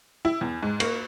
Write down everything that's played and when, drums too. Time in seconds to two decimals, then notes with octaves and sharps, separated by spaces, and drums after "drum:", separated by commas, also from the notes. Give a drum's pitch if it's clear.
0.25 E4
0.41 E2
0.63 G#2
0.80 A#3, drum: cymbal